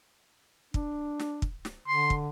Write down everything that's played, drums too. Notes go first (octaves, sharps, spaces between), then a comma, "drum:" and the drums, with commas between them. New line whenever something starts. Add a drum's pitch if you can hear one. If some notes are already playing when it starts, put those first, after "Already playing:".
D4, drum: kick
drum: snare
drum: kick
drum: snare
D3 C6
drum: kick